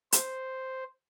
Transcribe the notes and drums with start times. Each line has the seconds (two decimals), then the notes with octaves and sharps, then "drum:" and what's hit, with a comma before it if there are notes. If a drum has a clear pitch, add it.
0.12 C5, drum: hi-hat